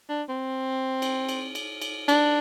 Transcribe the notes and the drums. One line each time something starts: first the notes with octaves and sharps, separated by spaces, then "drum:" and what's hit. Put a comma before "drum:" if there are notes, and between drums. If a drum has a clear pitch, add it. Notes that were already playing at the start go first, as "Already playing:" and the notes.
D4
C4
drum: cymbal
drum: cymbal
drum: cymbal
drum: cymbal
D4, drum: cymbal